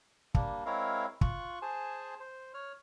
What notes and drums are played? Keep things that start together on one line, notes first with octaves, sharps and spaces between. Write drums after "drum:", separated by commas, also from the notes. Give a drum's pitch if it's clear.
G3 A#3 D4, drum: kick
G#3 C4 E4 A#4 C#5 F5
F4 C#6 F#6, drum: kick
G#4 C5 G#5 A5
C5
C#5 F6